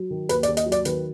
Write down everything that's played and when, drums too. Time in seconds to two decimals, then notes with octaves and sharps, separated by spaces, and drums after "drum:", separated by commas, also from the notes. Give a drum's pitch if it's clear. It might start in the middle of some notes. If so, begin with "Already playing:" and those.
Already playing: F#3
0.10 D#3
0.29 D#2 B4, drum: hi-hat
0.43 D5, drum: hi-hat
0.48 D#2
0.57 D#5, drum: hi-hat
0.66 F#3
0.72 D5, drum: hi-hat
0.85 D#3 B4, drum: hi-hat